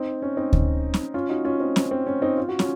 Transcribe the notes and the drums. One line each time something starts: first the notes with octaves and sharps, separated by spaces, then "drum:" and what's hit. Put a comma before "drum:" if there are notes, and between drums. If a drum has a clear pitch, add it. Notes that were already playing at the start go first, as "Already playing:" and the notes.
Already playing: C4 D#4
C#4
C4 D#4
drum: kick D2
drum: snare
C#4 F4
D#4 F#4
C#4 F4
C4 D#4
C4, drum: snare
C4
C#4
C4 D#4
F4
F#4
C#4 F4, drum: snare